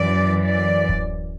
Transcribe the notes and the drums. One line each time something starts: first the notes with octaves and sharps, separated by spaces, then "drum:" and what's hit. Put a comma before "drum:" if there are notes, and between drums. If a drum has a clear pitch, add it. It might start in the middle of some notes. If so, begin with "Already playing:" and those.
Already playing: F#2 E3 D5
D5
drum: kick D1